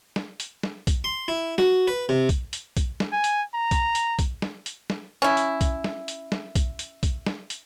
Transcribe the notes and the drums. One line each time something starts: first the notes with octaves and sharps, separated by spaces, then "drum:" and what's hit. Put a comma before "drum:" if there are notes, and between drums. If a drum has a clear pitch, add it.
drum: snare
drum: hi-hat
drum: snare
drum: kick, hi-hat
C6
E4
F#4, drum: snare
B4
C3
drum: kick, hi-hat
drum: hi-hat
drum: kick, hi-hat
drum: snare
G#5
drum: hi-hat
A#5
drum: kick, hi-hat
drum: hi-hat
drum: kick, hi-hat
drum: snare
drum: hi-hat
drum: snare
C#4 E4
drum: hi-hat
drum: kick, hi-hat
drum: snare
drum: hi-hat
drum: snare
drum: kick, hi-hat
drum: hi-hat
drum: kick, hi-hat
drum: snare
drum: hi-hat